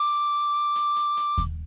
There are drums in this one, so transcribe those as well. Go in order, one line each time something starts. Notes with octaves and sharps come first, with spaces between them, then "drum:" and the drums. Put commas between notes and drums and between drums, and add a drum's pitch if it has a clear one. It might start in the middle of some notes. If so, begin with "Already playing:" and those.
Already playing: D6
drum: hi-hat
drum: hi-hat
drum: hi-hat
drum: kick D#2, hi-hat